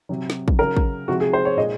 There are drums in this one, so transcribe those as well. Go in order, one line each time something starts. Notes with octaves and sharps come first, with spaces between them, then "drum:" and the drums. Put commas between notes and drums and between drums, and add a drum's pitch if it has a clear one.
C3 F#3
drum: snare
drum: kick
C#3 F#3 A#4
drum: kick
C3 F3 G#3 F#4
G#4
C5
C#5
A#2 G#3 D#5